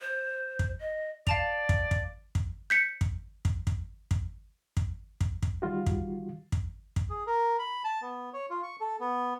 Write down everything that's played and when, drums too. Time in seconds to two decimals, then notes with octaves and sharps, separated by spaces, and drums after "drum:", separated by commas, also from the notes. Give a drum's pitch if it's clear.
0.01 C5
0.59 drum: kick
0.80 D#5
1.27 D5 F5 A5 F7, drum: kick
1.69 drum: kick
1.91 drum: kick
2.35 drum: kick
2.70 G6 B6 C#7
3.01 drum: kick
3.45 drum: kick
3.67 drum: kick
4.11 drum: kick
4.77 drum: kick
5.21 drum: kick
5.42 drum: kick
5.62 D#3 G3 F4 F#4
5.86 drum: kick
6.52 drum: kick
6.96 drum: kick
7.10 G#4
7.27 A#4
7.59 B5
7.84 A5
8.02 B3
8.33 C#5
8.50 F4
8.63 C#6
8.80 A4
9.00 B3